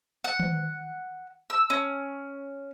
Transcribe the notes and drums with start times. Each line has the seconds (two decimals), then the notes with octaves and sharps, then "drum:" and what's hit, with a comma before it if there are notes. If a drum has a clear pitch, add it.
0.24 F#5
0.40 drum: tom D#3
1.50 E6
1.70 C#4